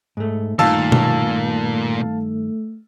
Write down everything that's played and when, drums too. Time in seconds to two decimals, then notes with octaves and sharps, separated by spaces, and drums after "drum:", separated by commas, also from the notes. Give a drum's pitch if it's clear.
0.17 G#2 A3
0.59 G2 A#2 D#3 A3 F4 F5 A5 E6, drum: tom D#3
0.92 drum: tom B2